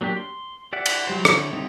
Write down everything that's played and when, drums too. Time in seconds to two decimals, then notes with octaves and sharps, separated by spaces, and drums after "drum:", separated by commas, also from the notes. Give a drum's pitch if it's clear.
0.01 F#3 A#3 D4 G4
0.17 C6
0.73 G4 D5 E5 F#5
0.86 drum: cymbal
1.07 F#3 G3 C5
1.25 D3 C#5, drum: rim click
1.53 G3 C4 D#4